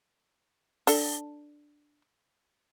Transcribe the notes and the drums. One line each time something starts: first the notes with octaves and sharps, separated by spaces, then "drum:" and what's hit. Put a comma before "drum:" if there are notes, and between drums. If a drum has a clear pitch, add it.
D4 A4, drum: open hi-hat